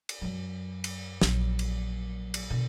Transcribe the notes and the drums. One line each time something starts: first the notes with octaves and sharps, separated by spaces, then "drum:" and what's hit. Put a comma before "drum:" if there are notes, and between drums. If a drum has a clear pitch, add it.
drum: cymbal
F#2 F#3
drum: cymbal
A#1 F#3, drum: snare
drum: cymbal
drum: cymbal
B2 D3